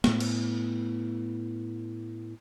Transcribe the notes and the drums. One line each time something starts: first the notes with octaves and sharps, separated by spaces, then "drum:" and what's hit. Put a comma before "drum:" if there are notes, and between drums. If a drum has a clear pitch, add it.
A2 B3, drum: snare
drum: cymbal